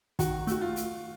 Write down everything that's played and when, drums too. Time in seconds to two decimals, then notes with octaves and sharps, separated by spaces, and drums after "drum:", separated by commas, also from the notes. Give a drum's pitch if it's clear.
0.19 D#3 F#4, drum: kick, hi-hat
0.47 A3 F#4, drum: hi-hat
0.61 F4
0.76 drum: hi-hat